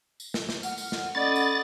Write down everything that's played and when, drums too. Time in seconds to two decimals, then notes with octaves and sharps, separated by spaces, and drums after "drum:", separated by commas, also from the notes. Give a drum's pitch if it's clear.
0.20 drum: tambourine
0.34 drum: snare
0.49 drum: snare
0.63 F#5 F6, drum: tambourine
0.78 drum: tambourine
0.92 drum: snare
1.15 C#4 A4 D5 D#5 B5 A6
1.36 drum: tambourine